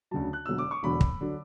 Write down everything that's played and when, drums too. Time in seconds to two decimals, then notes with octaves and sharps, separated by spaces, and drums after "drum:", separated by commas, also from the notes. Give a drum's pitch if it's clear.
0.11 D2 C#3 F#3 A5
0.33 F#6
0.46 E1 E2 D3 F#3 E6
0.58 D6
0.71 C#6
0.83 E1 E2 D3 F#3 B5
1.01 drum: kick
1.21 D3 F#3